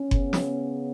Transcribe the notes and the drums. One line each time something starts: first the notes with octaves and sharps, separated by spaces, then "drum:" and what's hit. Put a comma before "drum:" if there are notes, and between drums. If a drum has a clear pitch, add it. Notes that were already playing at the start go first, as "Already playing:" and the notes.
Already playing: C#4
C#3 B3, drum: kick F#1
drum: snare